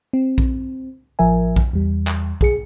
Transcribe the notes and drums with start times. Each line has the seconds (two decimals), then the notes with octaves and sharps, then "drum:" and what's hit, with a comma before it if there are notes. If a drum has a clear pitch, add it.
0.13 C4
0.38 drum: kick A#1
1.19 A1 F3 A#4 E5 G#5
1.56 drum: kick A#1
1.73 E2 G3
2.07 drum: clap
2.41 B1 G#4 C#7, drum: kick A#1